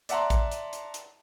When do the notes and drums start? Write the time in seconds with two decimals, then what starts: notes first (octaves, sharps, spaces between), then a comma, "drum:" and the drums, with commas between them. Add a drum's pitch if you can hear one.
0.09 D5 E5 F#5 A5 A#5 C6, drum: hi-hat
0.30 drum: kick, hi-hat
0.52 drum: hi-hat
0.73 drum: hi-hat
0.94 drum: hi-hat